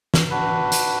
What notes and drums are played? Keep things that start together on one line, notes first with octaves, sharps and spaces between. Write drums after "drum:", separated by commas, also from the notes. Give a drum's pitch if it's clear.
drum: snare
D4 F#4 B4
drum: hi-hat